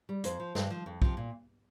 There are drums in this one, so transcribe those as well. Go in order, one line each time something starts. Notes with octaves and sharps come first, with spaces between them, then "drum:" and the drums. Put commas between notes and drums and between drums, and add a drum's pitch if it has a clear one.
G3
F2 C5, drum: hi-hat
F3
G2, drum: snare
F3
F2
C3 F3, drum: kick
A#2